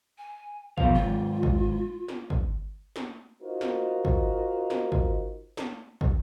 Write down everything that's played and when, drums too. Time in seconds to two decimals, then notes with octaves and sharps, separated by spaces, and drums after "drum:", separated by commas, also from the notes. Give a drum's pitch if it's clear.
0.18 G#5
0.78 B2 F3 F5, drum: kick
0.95 D#2 G#2 F4
1.43 drum: kick
2.08 drum: snare
2.30 drum: kick
2.96 drum: snare
3.43 D#4 F4 F#4 A#4 C5
3.61 drum: snare
4.05 drum: kick
4.70 drum: snare
4.92 drum: kick
5.57 drum: snare
6.01 drum: kick